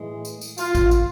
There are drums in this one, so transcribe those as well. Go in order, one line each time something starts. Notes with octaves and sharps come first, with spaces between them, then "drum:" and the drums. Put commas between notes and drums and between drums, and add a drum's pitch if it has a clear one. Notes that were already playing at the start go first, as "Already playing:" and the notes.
Already playing: A2 E3 G#3
drum: tambourine
drum: tambourine
F4, drum: tambourine
drum: kick, tambourine
drum: tambourine